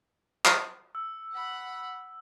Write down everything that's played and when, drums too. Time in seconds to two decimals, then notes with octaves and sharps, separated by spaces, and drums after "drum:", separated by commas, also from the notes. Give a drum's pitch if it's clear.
0.45 drum: clap
0.95 E6
1.33 F#5 B5